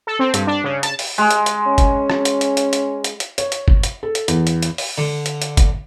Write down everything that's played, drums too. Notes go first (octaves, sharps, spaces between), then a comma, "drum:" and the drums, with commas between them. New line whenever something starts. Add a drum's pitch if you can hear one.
A4
C4
G2, drum: hi-hat
D4
C#3
A5, drum: hi-hat
drum: open hi-hat
G#3
drum: hi-hat
drum: hi-hat
C#4
drum: kick G1, hi-hat
drum: rim click
drum: hi-hat
drum: hi-hat
drum: hi-hat
drum: hi-hat
drum: hi-hat
drum: hi-hat
C#5, drum: hi-hat
drum: hi-hat
drum: kick G1
drum: hi-hat
A4
drum: hi-hat
E2, drum: hi-hat
drum: hi-hat
drum: hi-hat
drum: open hi-hat
D3
drum: hi-hat
drum: hi-hat
drum: kick G1, hi-hat